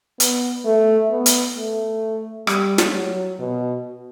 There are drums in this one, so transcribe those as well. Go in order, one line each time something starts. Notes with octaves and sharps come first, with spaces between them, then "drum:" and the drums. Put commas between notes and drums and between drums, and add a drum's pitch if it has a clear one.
B3, drum: hi-hat
A3
B3
drum: hi-hat
A3
G3, drum: rim click
drum: snare
F#3
B2